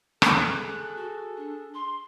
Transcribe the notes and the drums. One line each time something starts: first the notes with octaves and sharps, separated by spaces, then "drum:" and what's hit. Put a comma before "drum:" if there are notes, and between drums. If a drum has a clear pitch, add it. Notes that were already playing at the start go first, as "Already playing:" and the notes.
G#4 A4 F#6, drum: rim click
F#4
D4
C6